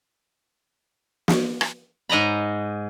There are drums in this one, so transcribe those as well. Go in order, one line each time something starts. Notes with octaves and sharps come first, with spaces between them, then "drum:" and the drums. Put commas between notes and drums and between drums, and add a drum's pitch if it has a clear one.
drum: snare
drum: rim click
G#2 D#5 A#5 B5